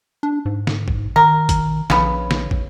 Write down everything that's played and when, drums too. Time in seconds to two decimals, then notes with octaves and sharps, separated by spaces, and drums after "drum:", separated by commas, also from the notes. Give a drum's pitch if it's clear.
0.23 D4
0.45 G#2
0.67 drum: snare
0.88 drum: kick
1.16 D#3 A#4
1.49 drum: kick, hi-hat
1.90 A#1 C#3 B3, drum: snare
2.31 drum: snare
2.51 drum: kick